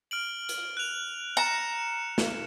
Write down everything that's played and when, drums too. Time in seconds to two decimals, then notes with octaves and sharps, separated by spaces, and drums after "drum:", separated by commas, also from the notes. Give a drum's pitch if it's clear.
0.11 F6 D7 F#7
0.49 drum: hi-hat
0.77 F#6 F7
1.37 A#5 C#7 E7
2.18 drum: snare